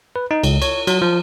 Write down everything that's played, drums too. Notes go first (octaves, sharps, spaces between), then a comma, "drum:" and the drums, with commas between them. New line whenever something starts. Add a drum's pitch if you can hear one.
B4
D#4
C#2, drum: cymbal
C#5, drum: cymbal
F#3, drum: cymbal
F3